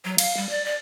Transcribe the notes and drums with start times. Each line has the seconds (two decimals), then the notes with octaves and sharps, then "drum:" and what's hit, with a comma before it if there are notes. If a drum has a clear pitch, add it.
0.05 F#3
0.18 F5, drum: cymbal
0.37 G3
0.49 D5
0.65 D5